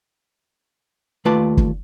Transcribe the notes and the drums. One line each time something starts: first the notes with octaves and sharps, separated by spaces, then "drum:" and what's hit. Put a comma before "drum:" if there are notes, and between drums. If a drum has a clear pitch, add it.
D#2 A3 F4 B4 D5 A5
drum: kick